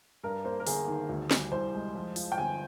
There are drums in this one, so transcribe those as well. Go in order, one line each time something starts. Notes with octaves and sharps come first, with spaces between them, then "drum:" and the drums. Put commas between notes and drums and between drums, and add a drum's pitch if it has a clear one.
G2 A#4
A#3 C5
A#4
G1 G#4, drum: open hi-hat
D#3
D2
G3, drum: snare
C2 C5
G#3
F2
F3, drum: open hi-hat
G5
G1 G#5